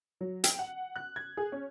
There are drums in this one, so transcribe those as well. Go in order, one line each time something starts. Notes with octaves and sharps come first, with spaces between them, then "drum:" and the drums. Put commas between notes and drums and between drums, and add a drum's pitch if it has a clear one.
F#3
G5, drum: hi-hat
F#5
F#6
G#6
G#4
C#4